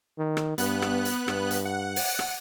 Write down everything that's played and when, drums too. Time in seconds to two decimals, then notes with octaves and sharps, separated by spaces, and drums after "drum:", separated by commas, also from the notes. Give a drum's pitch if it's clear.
0.18 D#3
0.37 drum: rim click
0.58 G2 B3 F#6, drum: hi-hat
0.82 drum: rim click
1.05 drum: hi-hat
1.28 G2, drum: rim click
1.51 drum: hi-hat
1.65 F#5
1.96 drum: open hi-hat
2.19 drum: rim click